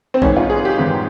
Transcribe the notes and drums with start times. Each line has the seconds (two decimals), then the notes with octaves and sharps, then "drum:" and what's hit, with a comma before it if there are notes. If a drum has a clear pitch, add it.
0.14 C4
0.22 G#1 G#2 E3 C#4, drum: kick A#1
0.36 F4
0.50 G#4
0.65 G4
0.79 G#1 G#2 E3